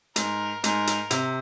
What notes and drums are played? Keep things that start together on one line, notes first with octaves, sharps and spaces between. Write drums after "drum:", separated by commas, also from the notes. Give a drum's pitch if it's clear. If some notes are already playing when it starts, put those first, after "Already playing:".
G#2 A#4, drum: hi-hat
G#2 A#4, drum: hi-hat
drum: hi-hat
C3, drum: hi-hat